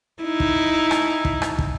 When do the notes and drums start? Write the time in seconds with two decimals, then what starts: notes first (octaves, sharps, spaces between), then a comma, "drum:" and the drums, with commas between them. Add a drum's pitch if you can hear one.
0.23 D#4 E4
0.40 drum: kick
0.91 drum: rim click
1.25 drum: kick
1.42 drum: rim click
1.59 drum: kick